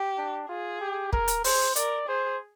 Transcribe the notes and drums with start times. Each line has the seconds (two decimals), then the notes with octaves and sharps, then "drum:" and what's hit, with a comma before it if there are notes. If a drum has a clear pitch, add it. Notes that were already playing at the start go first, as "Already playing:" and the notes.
Already playing: G4
0.18 D4
0.49 F4 G#4
0.81 G4
1.13 A#4, drum: kick
1.28 drum: hi-hat
1.44 G#4 C5, drum: open hi-hat
1.76 A#4 D5, drum: hi-hat
2.08 G#4 C5